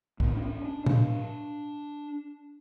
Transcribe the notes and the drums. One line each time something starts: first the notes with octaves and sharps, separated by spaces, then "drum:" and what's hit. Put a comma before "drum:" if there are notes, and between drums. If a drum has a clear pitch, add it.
A2 B3, drum: kick
D4
C#4
D4
A2 D4, drum: tom A#2